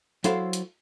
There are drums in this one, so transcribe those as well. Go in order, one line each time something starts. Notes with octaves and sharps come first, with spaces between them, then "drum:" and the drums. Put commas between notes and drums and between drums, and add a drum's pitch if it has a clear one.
F#3 E4 A4 C5 F5 C6, drum: hi-hat
drum: hi-hat